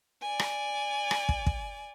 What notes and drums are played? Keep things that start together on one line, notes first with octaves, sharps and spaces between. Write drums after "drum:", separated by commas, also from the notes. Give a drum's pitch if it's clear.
D5 G#5
drum: rim click
drum: rim click
drum: kick
drum: kick